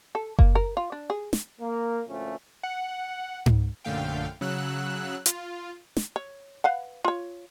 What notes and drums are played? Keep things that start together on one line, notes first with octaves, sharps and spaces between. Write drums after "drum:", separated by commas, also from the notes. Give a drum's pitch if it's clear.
A4
A#3, drum: kick F#1
A#4
F4
D4
G#4
drum: snare
A#3
D2 A#2 F3 A3 C#4
F#5
drum: tom G#2
A#1 F#2 D3 A3 F5 G5
C#3 F#3 E6 F#6
F4, drum: hi-hat
drum: snare
C#5
B4 F5 F#5
F4 C#5